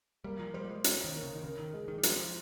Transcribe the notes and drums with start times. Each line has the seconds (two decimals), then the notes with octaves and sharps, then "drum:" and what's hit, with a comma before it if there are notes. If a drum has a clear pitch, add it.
0.24 G3 A#3
0.39 F3
0.54 G3 C5
0.64 G3
0.69 G#3
0.84 C#4, drum: hi-hat
1.04 D#3
1.14 A#3
1.23 C#3
1.35 D#3
1.44 C#3 A#4
1.59 D#3
1.73 G#3
1.88 D#3
1.98 G3
2.03 F3 C5, drum: hi-hat